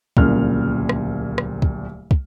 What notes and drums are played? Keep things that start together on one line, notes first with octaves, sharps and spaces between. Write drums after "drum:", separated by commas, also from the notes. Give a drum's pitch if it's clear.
D1 C2 A#2 C#3 F6, drum: kick
drum: rim click
drum: rim click
drum: kick
drum: kick